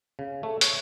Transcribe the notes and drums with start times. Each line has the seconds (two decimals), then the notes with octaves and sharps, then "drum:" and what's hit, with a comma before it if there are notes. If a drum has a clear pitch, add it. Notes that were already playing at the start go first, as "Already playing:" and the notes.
0.19 C#3
0.43 A3
0.61 C#5, drum: hi-hat